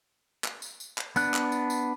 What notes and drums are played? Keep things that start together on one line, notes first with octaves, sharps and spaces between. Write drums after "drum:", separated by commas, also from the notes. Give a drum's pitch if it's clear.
drum: clap
drum: tambourine
drum: tambourine
drum: clap
B3 D4 F#6, drum: tambourine
drum: clap
drum: tambourine
drum: tambourine